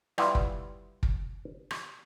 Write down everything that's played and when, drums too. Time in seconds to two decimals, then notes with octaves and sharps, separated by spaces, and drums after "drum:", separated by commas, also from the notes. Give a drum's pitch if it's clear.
0.18 G3 B3 E4 F4, drum: rim click
0.35 drum: kick
1.03 drum: kick
1.71 drum: rim click